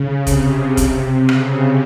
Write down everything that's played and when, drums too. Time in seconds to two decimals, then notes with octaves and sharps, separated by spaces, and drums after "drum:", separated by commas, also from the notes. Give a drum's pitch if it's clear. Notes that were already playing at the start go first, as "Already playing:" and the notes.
Already playing: C#3
0.27 C3, drum: kick, hi-hat
0.77 drum: kick, hi-hat
1.29 C#3, drum: rim click